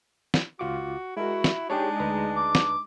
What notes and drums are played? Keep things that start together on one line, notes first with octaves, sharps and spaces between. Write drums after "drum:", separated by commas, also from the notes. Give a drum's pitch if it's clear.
drum: snare
C#2 F4 F#4 D6
G#3 E4 F#4 A#4
drum: snare
G#3 D4 D#4 G4 G#4 C#5
D2 B4 A#5
D6
drum: snare